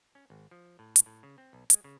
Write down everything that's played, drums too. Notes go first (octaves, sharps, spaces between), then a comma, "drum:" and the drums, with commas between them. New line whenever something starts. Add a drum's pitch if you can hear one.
C#4
G#1
F3
A2
drum: hi-hat
A2
C#3
C4
B1
G#3, drum: hi-hat
C#3